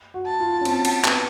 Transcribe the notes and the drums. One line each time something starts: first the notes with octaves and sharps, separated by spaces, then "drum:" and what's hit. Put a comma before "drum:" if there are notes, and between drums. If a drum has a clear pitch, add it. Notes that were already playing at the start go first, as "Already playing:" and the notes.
F#4
A5
F4
C#4
C4, drum: cymbal
drum: cymbal
B3, drum: clap